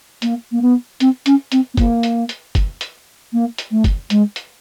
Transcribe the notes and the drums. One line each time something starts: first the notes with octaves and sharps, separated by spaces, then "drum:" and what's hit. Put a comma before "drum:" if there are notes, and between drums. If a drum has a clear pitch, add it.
A#3, drum: hi-hat
A#3
B3
C4, drum: hi-hat
C#4, drum: hi-hat
C4, drum: hi-hat
B3
A#3, drum: kick, hi-hat
drum: hi-hat
drum: hi-hat
drum: kick, hi-hat
drum: hi-hat
A#3
drum: hi-hat
A3
drum: kick, hi-hat
G#3, drum: hi-hat
drum: hi-hat